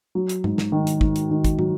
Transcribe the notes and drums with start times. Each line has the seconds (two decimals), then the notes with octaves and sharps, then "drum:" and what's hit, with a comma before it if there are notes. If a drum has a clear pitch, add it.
0.15 F#3
0.29 drum: hi-hat
0.44 G#2, drum: tom G2
0.58 drum: snare
0.72 D#3
0.87 drum: hi-hat
1.01 G#2, drum: kick
1.16 drum: hi-hat
1.31 D#3
1.45 drum: kick, hi-hat
1.59 F#3, drum: tom